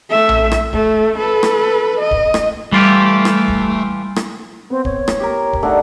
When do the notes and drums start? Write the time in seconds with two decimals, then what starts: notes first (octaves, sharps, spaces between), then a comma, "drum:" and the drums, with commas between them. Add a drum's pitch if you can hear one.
0.10 A3 E5
0.29 drum: tom A#1
0.52 drum: rim click
0.73 A3, drum: kick
1.17 A4 B4
1.43 drum: rim click
2.00 D#5
2.11 drum: kick
2.34 drum: rim click
2.72 E3 G3 A3 F4 G4
3.25 drum: rim click
3.48 drum: kick
4.16 drum: rim click
4.70 B3 C4
4.85 C#5, drum: kick
5.08 drum: rim click
5.20 G4 A#4
5.53 drum: kick
5.63 A3 D4 D#4 F#5